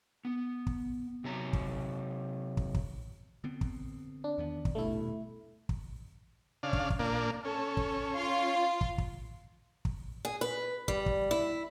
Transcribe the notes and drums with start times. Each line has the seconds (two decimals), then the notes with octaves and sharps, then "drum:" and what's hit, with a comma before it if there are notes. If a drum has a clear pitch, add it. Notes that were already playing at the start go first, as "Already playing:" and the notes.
0.25 B3
0.67 drum: kick
1.24 C3 F#3 A#5
1.53 drum: kick
2.57 drum: kick
2.74 drum: kick
3.44 D3 B3 C4
3.61 drum: kick
4.24 D4
4.38 E2 D#3 B3
4.65 drum: kick
4.75 D#1 G2 B2 A3 E4
5.69 drum: kick
6.63 C#3 D4 F5
6.73 drum: kick
6.90 drum: kick
6.99 A#2 A#3 D4
7.45 C#4 A4
7.77 drum: kick
8.15 F4 F5 C6
8.81 drum: kick
8.98 drum: kick
9.85 drum: kick
10.25 G#4
10.41 B4
10.88 G3, drum: kick
11.06 drum: kick
11.31 E4